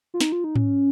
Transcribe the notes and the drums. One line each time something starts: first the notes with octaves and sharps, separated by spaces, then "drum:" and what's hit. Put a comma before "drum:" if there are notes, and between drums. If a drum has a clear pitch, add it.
F4
D#4, drum: snare
F4
D#4
C#4, drum: tom G#2